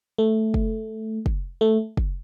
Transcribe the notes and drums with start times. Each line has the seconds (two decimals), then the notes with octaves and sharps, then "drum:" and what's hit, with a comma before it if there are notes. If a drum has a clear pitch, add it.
0.18 A3
0.54 drum: kick
1.26 drum: kick
1.61 A3
1.97 drum: kick